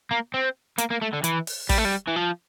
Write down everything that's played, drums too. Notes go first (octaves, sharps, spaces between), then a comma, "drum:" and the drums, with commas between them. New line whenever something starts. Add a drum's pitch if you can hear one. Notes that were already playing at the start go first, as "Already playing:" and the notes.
A#3
C4
A#3, drum: hi-hat
A#3
A3
D3
E3, drum: hi-hat
drum: open hi-hat
G3, drum: kick, open hi-hat
A3
G3
E3
F3